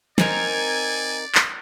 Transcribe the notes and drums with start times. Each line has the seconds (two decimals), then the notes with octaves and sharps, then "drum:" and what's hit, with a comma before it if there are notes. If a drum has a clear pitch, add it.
0.18 C4 D#4 A#4 D5 G#5, drum: snare
1.35 drum: clap